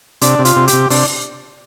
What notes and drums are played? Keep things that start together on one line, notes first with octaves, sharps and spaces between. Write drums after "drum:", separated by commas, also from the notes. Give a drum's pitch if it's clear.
C3 D4, drum: hi-hat
C3
F4, drum: hi-hat
C3
G4, drum: hi-hat
C3
C3 D4, drum: open hi-hat